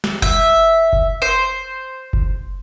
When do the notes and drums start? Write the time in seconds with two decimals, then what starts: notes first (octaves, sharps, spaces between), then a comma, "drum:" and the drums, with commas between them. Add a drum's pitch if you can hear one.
0.04 drum: snare
0.22 E5, drum: kick F#1
0.93 drum: kick F#1
1.22 C5
2.13 drum: kick F#1